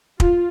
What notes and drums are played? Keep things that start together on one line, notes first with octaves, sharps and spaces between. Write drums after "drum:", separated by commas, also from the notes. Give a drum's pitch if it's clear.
F4, drum: kick